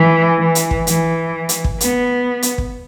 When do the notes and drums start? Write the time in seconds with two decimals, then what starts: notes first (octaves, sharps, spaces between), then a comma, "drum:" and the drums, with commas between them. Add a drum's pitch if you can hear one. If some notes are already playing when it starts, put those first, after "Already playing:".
Already playing: E3
0.39 E3
0.55 drum: hi-hat
0.71 drum: kick
0.87 E3, drum: hi-hat
1.49 drum: hi-hat
1.64 drum: kick
1.81 B3, drum: hi-hat
2.42 drum: hi-hat
2.58 drum: kick